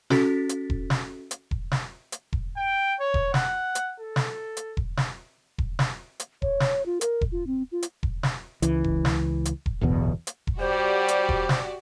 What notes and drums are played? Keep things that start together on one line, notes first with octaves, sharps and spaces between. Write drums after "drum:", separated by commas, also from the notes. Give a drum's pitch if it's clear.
C#4 F#4 A4 A6 B6, drum: snare
drum: hi-hat
drum: kick E1
drum: snare
drum: hi-hat
drum: kick E1
drum: snare
drum: hi-hat
drum: kick E1
G5
C#5
drum: kick E1
F#5, drum: snare
drum: hi-hat
A4
drum: snare
drum: hi-hat
drum: kick E1
drum: snare
drum: kick E1
drum: snare
drum: hi-hat
C#5, drum: kick E1
drum: snare
F4
A#4, drum: hi-hat
drum: kick E1
F4
C4
F4
drum: hi-hat
drum: kick E1
drum: snare
C#2 E3, drum: hi-hat
drum: kick E1
drum: snare
drum: hi-hat
drum: kick E1
D1 G1 E2 B2
drum: hi-hat
drum: kick E1
G3 F#4 G4 C5 D5
drum: hi-hat
drum: kick E1
drum: snare